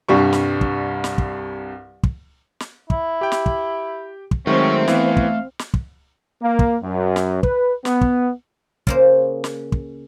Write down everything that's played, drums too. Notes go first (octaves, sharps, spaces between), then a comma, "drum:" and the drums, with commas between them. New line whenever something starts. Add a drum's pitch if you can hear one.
C2 G2 G3 C#6
drum: snare
drum: kick
drum: snare
drum: kick
drum: kick
drum: snare
E4, drum: kick
G4 G5
drum: snare
drum: kick
drum: kick
D#3 F#3 G#3 A3 C4 C#4
E3 B3 F5, drum: snare
drum: kick
drum: snare
drum: kick
A#3
drum: kick
F#2
drum: snare
B4, drum: kick
B3, drum: snare
drum: kick
C#3 A#3 C5, drum: kick
drum: snare
drum: kick